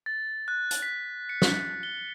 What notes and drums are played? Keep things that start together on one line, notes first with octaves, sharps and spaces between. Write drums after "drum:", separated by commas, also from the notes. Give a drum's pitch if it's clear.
A6
F#6
drum: hi-hat
B6
C#7
drum: snare
G7